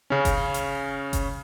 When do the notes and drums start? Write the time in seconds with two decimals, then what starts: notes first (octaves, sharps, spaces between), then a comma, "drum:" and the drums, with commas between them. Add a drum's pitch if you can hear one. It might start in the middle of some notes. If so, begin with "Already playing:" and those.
0.10 C#3 C#4
0.25 drum: kick F#1, hi-hat
0.54 drum: hi-hat
1.13 drum: kick F#1, hi-hat